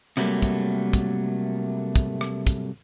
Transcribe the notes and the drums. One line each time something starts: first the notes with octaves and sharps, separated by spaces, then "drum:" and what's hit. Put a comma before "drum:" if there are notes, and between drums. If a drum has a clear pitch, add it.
C3 F#3 G3 A3 A#3, drum: rim click
drum: kick, hi-hat
drum: kick, hi-hat
drum: kick, hi-hat
drum: rim click
drum: kick, hi-hat